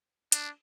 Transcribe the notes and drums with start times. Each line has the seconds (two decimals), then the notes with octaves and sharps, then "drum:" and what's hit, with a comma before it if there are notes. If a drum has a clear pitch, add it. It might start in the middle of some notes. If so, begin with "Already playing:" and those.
0.32 D4, drum: hi-hat